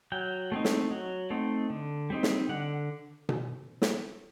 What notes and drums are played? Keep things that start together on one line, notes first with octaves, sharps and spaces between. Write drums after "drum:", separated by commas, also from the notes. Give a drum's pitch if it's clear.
F#3 G5
A3 C4 D#4
drum: snare
F#3
A3 C4 D#4
D3
G3 C4 D#4
drum: snare
D3 F#5
drum: tom B2
drum: snare